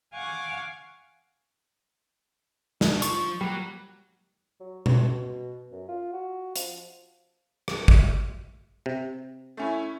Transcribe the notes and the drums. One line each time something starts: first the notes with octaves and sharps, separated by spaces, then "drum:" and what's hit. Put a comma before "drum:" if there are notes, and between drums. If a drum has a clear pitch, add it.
F5 F#5 G#5 C#6 D6
G2 D3, drum: snare
F3 F4 C#6, drum: hi-hat
F#3 G3 A#3 F#4
F#3
B2, drum: tom B2
F#2
F4
F#4
F3, drum: hi-hat
drum: rim click
drum: kick
C3
A3 C#4 E4